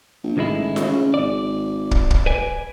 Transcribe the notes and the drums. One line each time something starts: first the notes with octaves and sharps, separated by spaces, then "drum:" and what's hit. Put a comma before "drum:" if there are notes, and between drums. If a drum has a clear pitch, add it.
A#1
A1 D#3 G#3 E4
drum: snare F4
C#3
G#1 D5
drum: kick
drum: kick
B4 D5 G#5